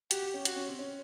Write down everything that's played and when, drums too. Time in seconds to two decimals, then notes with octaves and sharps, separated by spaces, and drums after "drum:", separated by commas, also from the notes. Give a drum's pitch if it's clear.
0.11 F#4 G4, drum: hi-hat
0.23 G4
0.34 C#4
0.45 F#4, drum: hi-hat
0.56 C#4
0.68 C4
0.79 C#4